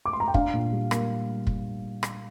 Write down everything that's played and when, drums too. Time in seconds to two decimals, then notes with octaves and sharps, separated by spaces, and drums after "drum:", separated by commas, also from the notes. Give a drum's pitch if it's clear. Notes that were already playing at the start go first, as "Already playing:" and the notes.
0.05 D6
0.13 C6
0.20 A#5
0.28 G5
0.34 D4 F5, drum: kick
0.53 A#2
0.72 G3
0.91 A#3, drum: rim click
1.47 drum: kick
2.03 drum: rim click